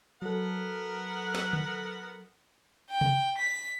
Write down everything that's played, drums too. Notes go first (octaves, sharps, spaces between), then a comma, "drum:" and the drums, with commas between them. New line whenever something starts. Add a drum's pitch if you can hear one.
F#3 B3 A4 A#4 F#5
drum: snare
drum: tom D3
G5
drum: tom C3
B6